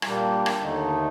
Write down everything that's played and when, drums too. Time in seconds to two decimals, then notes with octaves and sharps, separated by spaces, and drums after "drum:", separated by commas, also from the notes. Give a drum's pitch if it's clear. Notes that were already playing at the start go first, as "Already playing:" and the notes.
0.02 A#2 G3 A#3 D4, drum: rim click
0.46 drum: rim click
0.60 D#2 D3 A3 D#4